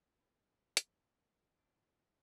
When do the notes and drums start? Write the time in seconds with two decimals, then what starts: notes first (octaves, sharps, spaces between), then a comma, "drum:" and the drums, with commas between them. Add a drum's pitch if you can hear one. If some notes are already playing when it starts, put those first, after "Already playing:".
0.20 G#2 B5 G6 A6
0.77 drum: hi-hat
1.58 B1 F#3 D4 A4 C5 G#5 D#6 F6